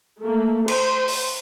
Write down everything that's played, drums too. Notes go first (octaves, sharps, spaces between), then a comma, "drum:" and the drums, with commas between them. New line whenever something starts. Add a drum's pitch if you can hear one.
A3 A#3
C5, drum: cymbal
drum: open hi-hat